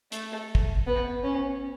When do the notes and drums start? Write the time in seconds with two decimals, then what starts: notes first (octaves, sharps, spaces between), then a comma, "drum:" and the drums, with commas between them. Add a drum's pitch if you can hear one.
0.12 A3, drum: hi-hat
0.55 drum: kick
0.87 B3
1.24 C#4